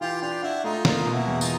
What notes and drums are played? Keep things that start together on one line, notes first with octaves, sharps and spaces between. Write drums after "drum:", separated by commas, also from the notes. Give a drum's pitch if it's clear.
E3 F4 G4
D4 F4 G4
D4 E4 F#4
A3 D#4 F4
A#3 D#4 F4, drum: snare
B2
E4 F#4
E2
D#4 F4, drum: tambourine